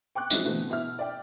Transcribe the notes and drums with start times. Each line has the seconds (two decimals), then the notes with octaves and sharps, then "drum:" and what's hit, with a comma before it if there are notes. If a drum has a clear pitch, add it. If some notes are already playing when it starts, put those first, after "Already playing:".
0.15 G5 C#6 D6 F#6
0.30 F3 F#3 G#3 C4 D#4 E4, drum: tambourine
0.45 B2 D3 E3 A3 C4
0.70 B2 E4 E5 F6
0.99 D5 E5 G5